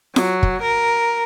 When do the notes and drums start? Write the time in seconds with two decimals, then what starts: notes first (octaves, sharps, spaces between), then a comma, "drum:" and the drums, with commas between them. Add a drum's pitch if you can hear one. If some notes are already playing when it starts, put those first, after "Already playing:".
0.16 F#3, drum: snare F4
0.43 drum: kick
0.62 A#4